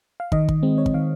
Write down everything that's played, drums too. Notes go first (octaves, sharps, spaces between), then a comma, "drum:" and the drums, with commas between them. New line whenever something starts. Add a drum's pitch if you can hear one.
F5
D#3 D#5, drum: kick
drum: kick
G#3 C4
C#5
D#5, drum: kick
D#3 F5